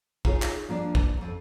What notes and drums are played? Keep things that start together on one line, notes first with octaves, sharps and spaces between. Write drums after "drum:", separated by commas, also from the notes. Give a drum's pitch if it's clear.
D#4 F4 G#4 A#4 C#5, drum: kick
drum: clap
F3 A#3 D4 D5
drum: kick
F2 G#2